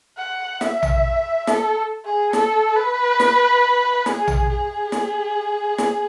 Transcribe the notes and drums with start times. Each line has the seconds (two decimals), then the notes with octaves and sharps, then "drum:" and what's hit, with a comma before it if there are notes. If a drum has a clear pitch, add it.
0.18 F#5
0.61 E5, drum: snare
0.82 drum: tom A#1
1.47 A4, drum: snare
2.05 G#4
2.33 A4, drum: snare
2.76 B4
3.20 drum: snare
4.06 G#4, drum: snare
4.27 drum: tom A#1
4.49 G#4
4.92 drum: snare
5.78 drum: snare